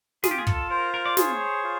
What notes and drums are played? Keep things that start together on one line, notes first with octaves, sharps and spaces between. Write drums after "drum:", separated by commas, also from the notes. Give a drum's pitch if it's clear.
F4 G#4, drum: snare
G4
G#4
A4, drum: kick
A#4 C5
A#4
D5
G#4 C#5, drum: snare
F4